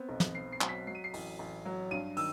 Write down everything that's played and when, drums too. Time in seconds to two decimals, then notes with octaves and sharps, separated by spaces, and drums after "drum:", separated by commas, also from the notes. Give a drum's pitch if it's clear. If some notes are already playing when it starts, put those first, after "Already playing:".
Already playing: B3 C4
0.09 B1
0.20 drum: snare
0.34 C4 C7
0.52 C7
0.61 F#3, drum: clap
0.69 B6
0.87 F#3 C7
0.95 D#7
1.04 C7
1.14 A1, drum: open hi-hat
1.39 A1
1.65 F#3
1.91 G2 D#7
2.17 D#3 E6, drum: open hi-hat